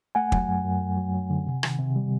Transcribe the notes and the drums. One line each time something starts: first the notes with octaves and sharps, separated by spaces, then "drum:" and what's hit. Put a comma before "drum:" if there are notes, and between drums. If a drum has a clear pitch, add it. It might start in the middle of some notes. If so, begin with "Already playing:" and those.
A3 F#5 G#5
F#3, drum: kick
F#2
F#2
F#2
F#3
F#3
D3
C3
D#3, drum: rim click
C3
G3